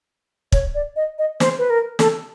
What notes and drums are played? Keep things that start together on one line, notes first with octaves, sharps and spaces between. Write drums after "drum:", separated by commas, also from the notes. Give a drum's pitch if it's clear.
C#5, drum: kick
D5
D#5
D#5
C5, drum: snare
B4
A#4
A4, drum: snare